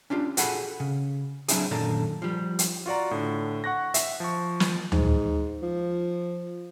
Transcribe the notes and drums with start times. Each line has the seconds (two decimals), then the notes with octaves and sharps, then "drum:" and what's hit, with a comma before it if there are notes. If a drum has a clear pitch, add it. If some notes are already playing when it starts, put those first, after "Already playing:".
0.10 C#4 D4 F4 G4
0.37 F#4 G#4 A4 F#5 G#5 B5, drum: hi-hat
0.80 C#3
1.48 F#3 C4 D4 E4 G#4, drum: hi-hat
1.71 F#2 A#2 D3 D#3 A4 A#4
2.22 F3 G3
2.59 drum: hi-hat
2.86 F4 F#4 D5 A#5
3.11 A2 D3
3.64 F#5 C#6 F#6 A#6
3.94 E5, drum: hi-hat
4.20 F3 C#6
4.60 drum: snare
4.92 G#2, drum: tom D2
5.63 F3